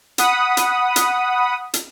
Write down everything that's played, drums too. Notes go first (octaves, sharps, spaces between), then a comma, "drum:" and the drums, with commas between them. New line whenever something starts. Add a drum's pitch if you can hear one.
F#5 B5 D#6, drum: hi-hat
drum: hi-hat
drum: hi-hat
drum: hi-hat